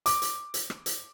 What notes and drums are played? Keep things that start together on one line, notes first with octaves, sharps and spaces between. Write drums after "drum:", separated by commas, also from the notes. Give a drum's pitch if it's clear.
D6, drum: hi-hat
drum: hi-hat
drum: hi-hat
drum: rim click
drum: hi-hat